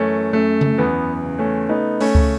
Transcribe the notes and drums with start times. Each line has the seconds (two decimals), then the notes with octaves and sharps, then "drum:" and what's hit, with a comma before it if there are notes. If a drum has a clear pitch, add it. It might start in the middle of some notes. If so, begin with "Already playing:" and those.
Already playing: F#2 E3 A3 C#4
0.33 F#2 A3
0.61 drum: tom C#3
0.78 E2 B3
1.23 C#3
1.39 A3 C#4
1.69 A3 B3 D#4
2.00 A3 C#4, drum: open hi-hat
2.15 C#3, drum: kick C#2